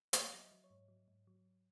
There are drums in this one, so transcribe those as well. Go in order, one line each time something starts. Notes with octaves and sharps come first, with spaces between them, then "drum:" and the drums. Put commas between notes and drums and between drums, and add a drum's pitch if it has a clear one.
F#3 E5, drum: hi-hat
F#3
D#5
F#3
C#5
G#2
F#3
G#2
F#3